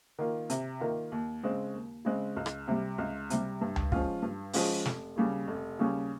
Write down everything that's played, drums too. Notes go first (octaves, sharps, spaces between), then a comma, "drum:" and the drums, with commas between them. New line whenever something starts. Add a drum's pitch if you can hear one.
D#3 A#3 F4
C3, drum: hi-hat
D#3 A#3 F4
D#2
C#3 G#3 C4
D#2
C#3 G#3 C4
C#2
drum: rim click
C3 G3
C#2
C3 G3, drum: hi-hat
G2
drum: tom C#2
F3 G#3 C#4 F4, drum: kick
G2
F3 G#3 C#4 F4, drum: open hi-hat
F1, drum: snare
D#2 C#3 G3 C#4
F1
D#2 C#3 G3 C#4